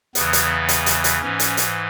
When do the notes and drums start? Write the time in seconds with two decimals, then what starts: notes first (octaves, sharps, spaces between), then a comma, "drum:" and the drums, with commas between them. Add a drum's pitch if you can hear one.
0.15 E2 C#3 E3 B3, drum: hi-hat
0.33 drum: hi-hat
0.69 drum: hi-hat
0.86 drum: hi-hat
1.04 drum: hi-hat
1.21 G#2 E3 C#4
1.39 drum: hi-hat
1.57 drum: hi-hat